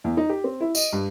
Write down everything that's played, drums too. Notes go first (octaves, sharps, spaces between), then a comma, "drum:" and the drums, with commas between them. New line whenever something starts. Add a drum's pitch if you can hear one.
E2
D#4
G4
C4
E4
D#5, drum: tambourine
G2